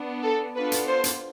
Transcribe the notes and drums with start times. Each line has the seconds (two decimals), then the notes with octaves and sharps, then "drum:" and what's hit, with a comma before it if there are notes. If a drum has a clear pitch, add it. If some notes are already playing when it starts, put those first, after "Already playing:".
Already playing: B3 D4
0.23 A4
0.56 B3 D4 F4 A4 B4
0.72 drum: hi-hat
0.87 C5
1.04 drum: hi-hat